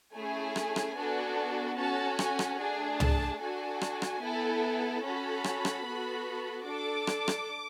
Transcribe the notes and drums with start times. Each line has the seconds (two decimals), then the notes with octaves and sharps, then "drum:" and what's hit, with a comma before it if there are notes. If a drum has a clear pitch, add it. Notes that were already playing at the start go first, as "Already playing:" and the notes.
0.15 A3 C#4 E4 G#4 G#5
0.56 drum: rim click
0.76 drum: rim click
0.96 B3 D4 F#4 A4
1.77 C#4 F#4 A4 A5
2.19 G#5, drum: rim click
2.39 drum: rim click
2.59 A3 D4 G#4 G#5
3.00 A5, drum: tom
3.41 D4 F#4 A4 G#5
3.81 drum: rim click
4.02 drum: rim click
4.22 B3 E4 A4
5.04 C#4 F#4 A4 B5
5.44 drum: rim click
5.65 drum: rim click
5.85 B3 F#4 A4
6.66 D4 A4 D6
7.07 drum: rim click
7.28 drum: rim click